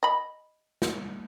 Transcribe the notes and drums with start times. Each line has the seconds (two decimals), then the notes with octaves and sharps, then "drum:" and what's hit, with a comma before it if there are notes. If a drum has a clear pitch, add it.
0.03 D#5 B5
0.82 drum: snare